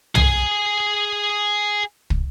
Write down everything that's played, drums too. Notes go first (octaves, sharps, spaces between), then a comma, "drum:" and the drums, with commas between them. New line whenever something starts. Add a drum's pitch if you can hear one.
G#4 G#5, drum: tom
drum: kick